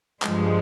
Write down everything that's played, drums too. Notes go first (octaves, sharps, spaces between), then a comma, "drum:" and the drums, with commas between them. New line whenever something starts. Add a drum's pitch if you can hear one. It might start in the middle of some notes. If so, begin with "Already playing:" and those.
G2 F3 G#3, drum: clap